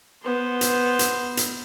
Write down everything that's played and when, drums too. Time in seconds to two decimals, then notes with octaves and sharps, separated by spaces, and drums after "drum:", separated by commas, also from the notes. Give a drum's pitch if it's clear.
0.23 B3 C5
0.61 drum: hi-hat
0.99 drum: hi-hat
1.37 drum: hi-hat